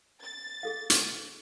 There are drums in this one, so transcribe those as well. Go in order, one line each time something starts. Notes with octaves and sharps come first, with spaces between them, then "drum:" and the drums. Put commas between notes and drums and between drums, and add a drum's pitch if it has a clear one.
A6
G#4 A4 F5
drum: hi-hat